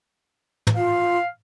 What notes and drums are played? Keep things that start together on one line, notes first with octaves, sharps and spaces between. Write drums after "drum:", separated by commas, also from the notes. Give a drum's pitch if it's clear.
drum: tom
F4 F5